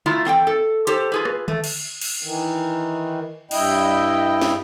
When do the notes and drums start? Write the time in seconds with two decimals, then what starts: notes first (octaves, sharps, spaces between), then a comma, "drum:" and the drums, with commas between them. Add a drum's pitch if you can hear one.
0.06 D#3 A3 E4 F4
0.25 E3 C4 A4 G5
0.47 A4
0.87 G4 A4 C5, drum: hi-hat
1.12 F4 G#4 B4
1.25 drum: rim click
1.48 A3, drum: tom D3
1.64 drum: cymbal
2.01 drum: cymbal
2.23 D#3 E3
3.51 G2 E4 D#5 G5, drum: cymbal
4.41 drum: snare